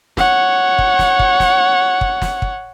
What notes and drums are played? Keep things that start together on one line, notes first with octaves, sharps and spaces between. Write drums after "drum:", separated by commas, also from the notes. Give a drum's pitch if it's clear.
C#5 F#5, drum: snare
drum: kick
drum: snare
drum: kick
drum: snare
drum: kick
drum: snare
drum: kick